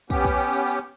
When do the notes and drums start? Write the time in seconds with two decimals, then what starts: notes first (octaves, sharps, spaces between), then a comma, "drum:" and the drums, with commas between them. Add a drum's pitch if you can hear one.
0.10 B3 C#4 G4, drum: kick, tambourine
0.24 drum: kick, tambourine
0.39 drum: tambourine
0.53 drum: tambourine
0.68 drum: tambourine